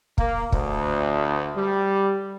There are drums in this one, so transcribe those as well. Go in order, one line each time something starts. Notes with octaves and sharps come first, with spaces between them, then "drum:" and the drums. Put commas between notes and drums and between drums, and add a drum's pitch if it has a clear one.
A#3, drum: kick
D2, drum: kick
G3